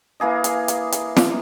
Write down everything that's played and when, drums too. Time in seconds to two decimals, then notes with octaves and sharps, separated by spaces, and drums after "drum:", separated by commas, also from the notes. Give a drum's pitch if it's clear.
0.20 E3 A#3 G#4 D#5
0.44 drum: hi-hat
0.68 drum: hi-hat
0.92 drum: hi-hat
1.17 drum: snare